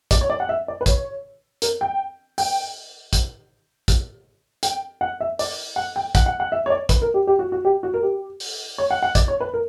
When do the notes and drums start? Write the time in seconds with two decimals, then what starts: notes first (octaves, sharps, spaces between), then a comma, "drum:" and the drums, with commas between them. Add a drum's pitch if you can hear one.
0.11 D5, drum: kick, hi-hat
0.21 C#5
0.30 D5
0.40 F#5
0.49 E5
0.68 D5
0.81 B4
0.86 C#5, drum: kick, hi-hat
1.62 A#4, drum: hi-hat
1.81 G5
2.38 G5, drum: open hi-hat
3.13 drum: kick, hi-hat
3.88 drum: kick, hi-hat
4.63 G5, drum: hi-hat
5.01 F#5
5.20 E5
5.39 D5, drum: open hi-hat
5.76 F#5
5.96 G5
6.15 F#5, drum: kick, hi-hat
6.26 F#5
6.40 F#5
6.52 E5
6.66 C#5
6.70 D5
6.89 B4, drum: kick, hi-hat
7.02 A#4
7.14 G4
7.27 G4
7.39 F#4
7.52 F#4
7.65 G4
7.83 F#4
7.94 A#4
8.03 G4
8.40 drum: open hi-hat
8.78 C#5
8.91 F#5
9.02 F#5
9.15 D5, drum: kick, hi-hat
9.28 C#5
9.41 B4
9.54 A#4